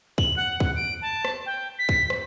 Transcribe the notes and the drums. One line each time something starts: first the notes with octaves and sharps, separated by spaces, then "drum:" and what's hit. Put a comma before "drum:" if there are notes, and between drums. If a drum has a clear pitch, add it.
F#7, drum: kick
F#5
drum: kick
D7
A5
drum: rim click
G5
B6
drum: kick
drum: rim click